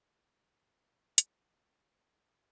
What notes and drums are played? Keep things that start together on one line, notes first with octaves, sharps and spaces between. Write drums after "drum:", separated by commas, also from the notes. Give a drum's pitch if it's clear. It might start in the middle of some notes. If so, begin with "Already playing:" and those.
A#5
C6
G#4, drum: hi-hat
G#5
A5